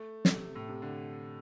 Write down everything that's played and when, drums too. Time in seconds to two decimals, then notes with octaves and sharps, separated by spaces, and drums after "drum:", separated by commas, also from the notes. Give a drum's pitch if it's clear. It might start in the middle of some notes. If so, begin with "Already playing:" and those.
Already playing: A3
0.25 drum: snare
0.34 C3
0.55 A2
0.68 C3
0.82 D3